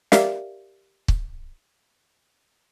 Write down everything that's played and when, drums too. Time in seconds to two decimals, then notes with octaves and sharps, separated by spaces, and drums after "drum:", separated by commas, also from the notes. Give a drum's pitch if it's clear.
0.12 G4 A#4 D5 E5 F5, drum: snare
1.08 drum: kick